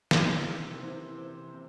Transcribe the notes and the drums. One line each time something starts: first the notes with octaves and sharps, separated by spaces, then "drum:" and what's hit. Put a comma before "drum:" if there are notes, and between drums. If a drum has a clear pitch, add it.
C3 E3 A#4, drum: snare
C3 E3 C5
C5
C3